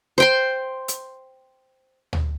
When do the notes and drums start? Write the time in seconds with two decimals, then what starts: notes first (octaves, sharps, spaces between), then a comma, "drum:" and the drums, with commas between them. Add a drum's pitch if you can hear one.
0.18 C5 G5 C6
0.88 drum: hi-hat
2.13 drum: tom